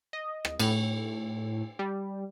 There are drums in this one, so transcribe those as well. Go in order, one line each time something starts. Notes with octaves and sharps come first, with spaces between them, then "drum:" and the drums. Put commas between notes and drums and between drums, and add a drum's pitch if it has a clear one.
D#5
drum: rim click
A2, drum: cymbal
G3